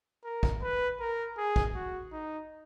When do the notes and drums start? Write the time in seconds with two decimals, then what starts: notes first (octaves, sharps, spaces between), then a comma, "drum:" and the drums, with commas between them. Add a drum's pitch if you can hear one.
0.24 A#4
0.43 drum: kick
0.62 B4
1.00 A#4
1.37 G#4
1.56 drum: kick
1.75 F#4
2.12 D#4